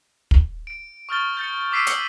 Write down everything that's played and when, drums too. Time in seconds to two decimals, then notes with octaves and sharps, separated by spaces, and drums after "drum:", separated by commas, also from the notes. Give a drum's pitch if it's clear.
0.31 drum: kick
0.67 D7
1.09 C#6 D#6 F6 G6 A6 G7
1.37 G6 A6 C#7
1.72 D6 E6 B6 C7 D7 D#7
1.87 D#6 C#7 F#7 G7, drum: hi-hat